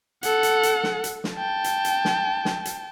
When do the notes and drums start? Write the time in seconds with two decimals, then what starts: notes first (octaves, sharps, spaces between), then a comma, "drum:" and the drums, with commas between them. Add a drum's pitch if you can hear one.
0.23 A4 F#5, drum: hi-hat
0.43 drum: hi-hat
0.63 drum: hi-hat
0.83 drum: snare
1.04 drum: hi-hat
1.24 drum: snare
1.35 G5 A5
1.64 drum: hi-hat
1.85 drum: hi-hat
2.05 drum: snare
2.45 drum: snare
2.65 drum: hi-hat